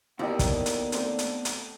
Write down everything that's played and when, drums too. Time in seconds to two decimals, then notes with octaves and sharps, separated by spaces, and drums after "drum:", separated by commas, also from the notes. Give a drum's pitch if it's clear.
0.19 D#2 D3 B3 E4 G4 D5 D#5
0.39 drum: kick, hi-hat
0.66 drum: hi-hat
0.92 A3 C4 D4, drum: hi-hat
1.19 drum: hi-hat
1.45 drum: hi-hat